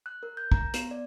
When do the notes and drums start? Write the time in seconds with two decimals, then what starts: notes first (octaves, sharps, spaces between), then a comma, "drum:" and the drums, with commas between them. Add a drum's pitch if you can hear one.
0.06 F#6
0.23 A#4
0.37 G6
0.52 A#5, drum: kick
0.74 B3, drum: hi-hat
0.91 D5